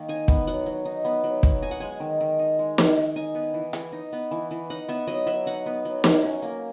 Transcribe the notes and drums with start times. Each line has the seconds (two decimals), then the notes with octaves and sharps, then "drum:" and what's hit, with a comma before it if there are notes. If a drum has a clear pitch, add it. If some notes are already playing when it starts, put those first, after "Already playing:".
Already playing: D#3 A#3
0.09 D#4 G#5
0.28 B3, drum: kick
0.47 F#3 F#5
0.66 F#3
0.85 D#4
1.05 B3
1.24 F#3
1.43 F#3, drum: kick
1.62 D#4 G#5
1.71 F#5
1.80 G#3 G#5
2.00 D#3
2.21 D#3
2.39 D#4
2.59 G#3
2.78 D#3, drum: snare
2.97 D#3
3.16 D#4 G#5
3.35 B3
3.54 E3
3.73 E3, drum: hi-hat
3.92 D#4
4.13 B3
4.31 E3
4.51 E3
4.70 D#4 F#5
4.88 B3 E5
5.07 F#3 D#5
5.27 F#3 E5
5.46 D#4 F#5
5.66 B3
5.85 F#3
6.04 F#3, drum: snare
6.24 C#4
6.42 A#3